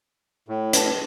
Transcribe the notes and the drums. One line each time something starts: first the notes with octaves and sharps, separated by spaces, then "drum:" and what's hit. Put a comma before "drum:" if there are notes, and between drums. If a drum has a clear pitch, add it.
A2
B4 A5, drum: hi-hat